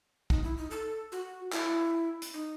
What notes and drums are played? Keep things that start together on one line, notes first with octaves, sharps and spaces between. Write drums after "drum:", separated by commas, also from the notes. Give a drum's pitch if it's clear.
D#4, drum: kick
E4
D#4
A4
F#4
E4, drum: clap
drum: hi-hat
D#4